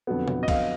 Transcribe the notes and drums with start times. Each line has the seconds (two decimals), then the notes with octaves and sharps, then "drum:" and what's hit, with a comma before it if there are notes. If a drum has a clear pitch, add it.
0.07 F2 D3 F#3 B3
0.28 drum: tom B2
0.43 D#5
0.48 F5, drum: kick, cymbal